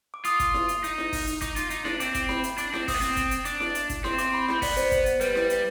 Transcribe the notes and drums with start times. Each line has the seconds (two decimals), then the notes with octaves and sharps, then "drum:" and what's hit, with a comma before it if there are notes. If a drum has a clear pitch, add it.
0.14 D6
0.25 F4 D#6, drum: hi-hat
0.40 drum: kick, hi-hat
0.54 drum: snare E4
0.69 drum: hi-hat
0.84 D#4, drum: hi-hat
0.98 drum: snare E4
1.13 drum: kick, open hi-hat
1.27 drum: hi-hat
1.41 D#4 D6, drum: kick, hi-hat
1.56 F4, drum: hi-hat
1.70 D#4, drum: hi-hat
1.85 D4, drum: snare E4
2.00 C4 D6, drum: hi-hat
2.15 drum: kick, hi-hat
2.29 B5, drum: snare E4
2.44 drum: hi-hat
2.58 D4 D6, drum: hi-hat
2.74 C4, drum: snare E4
2.88 C4 D#6, drum: kick, open hi-hat
2.95 B3
3.01 C4, drum: hi-hat
3.17 drum: kick, hi-hat
3.31 drum: hi-hat
3.45 D4 D6, drum: hi-hat
3.60 drum: snare E4
3.75 drum: hi-hat
3.90 drum: kick, hi-hat
4.04 C4 C6, drum: snare E4
4.18 D6, drum: hi-hat
4.34 B5
4.48 C4 B5, drum: snare E4
4.62 B3 D5, drum: kick, open hi-hat
4.77 C5, drum: hi-hat
4.92 drum: kick, hi-hat
5.06 drum: hi-hat
5.21 G3 B4, drum: hi-hat
5.35 drum: snare E4
5.50 drum: hi-hat